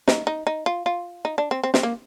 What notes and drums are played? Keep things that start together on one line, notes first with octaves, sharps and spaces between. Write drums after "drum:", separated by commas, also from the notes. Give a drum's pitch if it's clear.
D#4, drum: snare
D#4
D#4
F4
F4
D#4
D4
C4
C4
C4, drum: snare
A#3